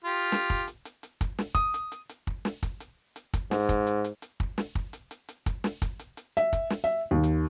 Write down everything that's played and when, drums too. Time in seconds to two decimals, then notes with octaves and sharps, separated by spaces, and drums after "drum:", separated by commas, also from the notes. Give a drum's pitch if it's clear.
0.04 F4 G4
0.32 drum: snare
0.50 drum: kick, hi-hat
0.68 drum: hi-hat
0.85 drum: hi-hat
1.03 drum: hi-hat
1.21 drum: kick, hi-hat
1.38 drum: snare
1.55 D#6, drum: kick, hi-hat
1.74 drum: hi-hat
1.92 drum: hi-hat
2.09 drum: hi-hat
2.27 drum: kick
2.45 drum: snare
2.63 drum: kick, hi-hat
2.80 drum: hi-hat
3.16 drum: hi-hat
3.34 drum: kick, hi-hat
3.51 G#2, drum: snare
3.69 drum: kick, hi-hat
3.87 drum: hi-hat
4.04 drum: hi-hat
4.22 drum: hi-hat
4.40 drum: kick
4.58 drum: snare
4.75 drum: kick
4.93 drum: hi-hat
5.11 drum: hi-hat
5.29 drum: hi-hat
5.46 drum: kick, hi-hat
5.64 drum: snare
5.82 drum: kick, hi-hat
5.99 drum: hi-hat
6.17 drum: hi-hat
6.37 E5, drum: hi-hat
6.53 drum: kick, hi-hat
6.70 drum: snare
6.84 E5
7.11 D#2
7.24 drum: hi-hat